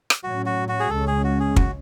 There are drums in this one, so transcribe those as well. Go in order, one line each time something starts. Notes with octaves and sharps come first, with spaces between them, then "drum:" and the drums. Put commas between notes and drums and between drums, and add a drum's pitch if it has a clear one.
drum: rim click
A2 F#3 C#4 F#4
F#4
F#4
G#4
C#2 C#3 G#3 C#4 A4
G#4
F#4
G#4
F#4, drum: kick